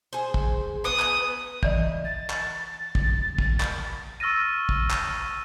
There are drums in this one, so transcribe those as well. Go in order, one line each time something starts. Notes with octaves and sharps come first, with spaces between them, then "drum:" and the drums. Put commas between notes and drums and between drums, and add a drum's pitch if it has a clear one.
G#4 C5
drum: kick
B3 B4 D#6
drum: clap
E3 D5 D#5, drum: kick
A6
drum: clap
drum: kick
drum: kick
drum: clap
C#6 E6 F6 A6 A#6 D#7
drum: kick
drum: clap